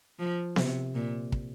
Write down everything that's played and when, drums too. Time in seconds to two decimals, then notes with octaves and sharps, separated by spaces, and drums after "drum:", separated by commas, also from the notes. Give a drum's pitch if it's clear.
0.19 F3
0.56 C3, drum: snare B3
0.95 A#2
1.32 drum: kick